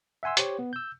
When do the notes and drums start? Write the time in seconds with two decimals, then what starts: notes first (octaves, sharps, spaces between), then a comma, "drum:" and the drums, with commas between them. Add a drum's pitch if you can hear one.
0.23 E5 F#5 G#5 C6 E6
0.37 G4 C5 C#5, drum: hi-hat
0.59 B3
0.73 E6 G6